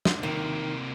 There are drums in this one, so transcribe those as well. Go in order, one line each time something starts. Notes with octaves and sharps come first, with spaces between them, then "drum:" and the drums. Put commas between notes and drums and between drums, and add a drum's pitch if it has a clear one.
drum: snare
C3 D#3 A#3